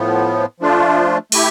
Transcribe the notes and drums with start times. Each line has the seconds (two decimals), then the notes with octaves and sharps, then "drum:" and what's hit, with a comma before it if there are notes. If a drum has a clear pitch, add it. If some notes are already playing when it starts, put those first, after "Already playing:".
Already playing: A2 F3 B3
0.60 F3 A3 D4 F4
1.32 A3 E4 G4, drum: open hi-hat